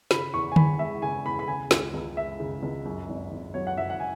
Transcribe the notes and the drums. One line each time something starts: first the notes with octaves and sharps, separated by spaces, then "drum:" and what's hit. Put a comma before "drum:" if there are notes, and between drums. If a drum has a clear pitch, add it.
C#3 B5, drum: snare
E2 C#6
G#5
E2 B5, drum: tom D3
G#3 E5
C#3 G#5
E2 B5
B5
C#3 G#5
C#2, drum: snare
C#2
G#3 E5
C#3
C#2
F#2
G#1
G#1
F#3 C#5
F#5
F#2 E5
F#5
G#5